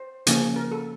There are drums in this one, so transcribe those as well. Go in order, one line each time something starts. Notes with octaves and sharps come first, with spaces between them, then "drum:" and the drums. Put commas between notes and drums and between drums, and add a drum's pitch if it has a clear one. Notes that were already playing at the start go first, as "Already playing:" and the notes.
Already playing: C5
C#3 F3 A#3 C#4, drum: hi-hat
A#4
A4